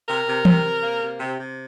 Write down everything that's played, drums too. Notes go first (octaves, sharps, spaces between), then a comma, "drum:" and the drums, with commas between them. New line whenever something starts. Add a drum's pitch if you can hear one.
C3 A#4
C3
C3, drum: tom E3
C3
A#3
C3
C3
C3